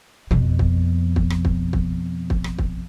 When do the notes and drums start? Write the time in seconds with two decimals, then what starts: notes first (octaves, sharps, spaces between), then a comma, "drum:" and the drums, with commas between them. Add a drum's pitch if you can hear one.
0.31 F2 B2, drum: kick
0.59 drum: kick
1.16 drum: kick
1.30 drum: rim click
1.45 drum: kick
1.73 drum: kick
2.30 drum: kick
2.44 drum: rim click
2.58 drum: kick